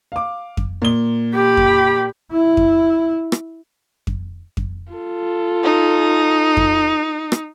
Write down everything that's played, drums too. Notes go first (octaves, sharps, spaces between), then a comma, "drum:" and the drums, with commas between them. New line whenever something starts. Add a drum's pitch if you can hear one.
F5 D6
drum: kick F2
A#2 G7
G4 B5
drum: kick F2
E4
drum: kick F2
drum: rim click
drum: kick F2
drum: kick F2
F4 A4
D#4
drum: kick F2
drum: rim click